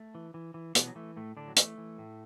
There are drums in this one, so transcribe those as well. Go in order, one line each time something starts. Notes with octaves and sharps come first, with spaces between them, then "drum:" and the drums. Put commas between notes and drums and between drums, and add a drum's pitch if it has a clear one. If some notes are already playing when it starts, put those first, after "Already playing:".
Already playing: A3
E3
E3
E3
B2 E3 B3, drum: hi-hat
F#3
E3 A3
A2 A3
A2 D3 D4
F#3
E3 A3, drum: hi-hat
E3
A2